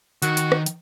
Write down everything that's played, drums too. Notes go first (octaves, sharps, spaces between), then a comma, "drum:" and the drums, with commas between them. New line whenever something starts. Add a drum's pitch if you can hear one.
D#3 F#4, drum: hi-hat
drum: hi-hat
drum: rim click
drum: hi-hat